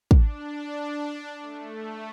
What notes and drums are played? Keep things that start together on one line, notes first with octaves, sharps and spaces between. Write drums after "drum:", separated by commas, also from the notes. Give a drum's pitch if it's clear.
D4, drum: kick
A3